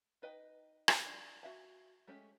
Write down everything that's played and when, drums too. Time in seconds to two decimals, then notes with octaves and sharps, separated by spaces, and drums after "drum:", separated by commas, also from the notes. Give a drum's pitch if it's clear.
0.22 D#4 B4 D#5 G5
0.88 drum: rim click
1.06 D4
1.43 F#4 E5 A5
2.07 G#3 A3 C#4 G4